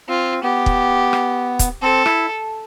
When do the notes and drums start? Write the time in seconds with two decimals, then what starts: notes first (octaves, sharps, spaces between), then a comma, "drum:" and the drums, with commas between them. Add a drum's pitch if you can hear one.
0.08 C4 F4
0.43 B3 G4
0.66 drum: kick
1.13 drum: rim click
1.59 drum: kick, hi-hat
1.82 C4 A4
2.06 E4, drum: rim click